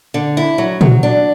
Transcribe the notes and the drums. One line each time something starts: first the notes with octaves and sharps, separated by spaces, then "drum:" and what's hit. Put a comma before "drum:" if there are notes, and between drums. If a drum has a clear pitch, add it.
D3
E4
F#3
F#3, drum: tom
D4